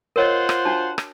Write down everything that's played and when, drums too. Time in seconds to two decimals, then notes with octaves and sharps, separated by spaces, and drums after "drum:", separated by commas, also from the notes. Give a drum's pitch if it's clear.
0.16 F4 A#4 C5 C#5 D#5 F#5
0.49 drum: rim click
0.65 D4 F#4 A5
0.98 drum: rim click